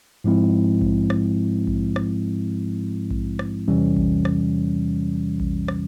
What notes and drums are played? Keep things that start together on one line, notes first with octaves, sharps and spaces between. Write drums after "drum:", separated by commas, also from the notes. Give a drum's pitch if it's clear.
G#2 F3 G#3 C4 E4
drum: kick A#1
drum: rim click
drum: kick A#1
drum: rim click
drum: kick A#1
drum: rim click
E2 C3 E3 G3 C#4
drum: kick A#1
drum: rim click
drum: kick A#1
drum: rim click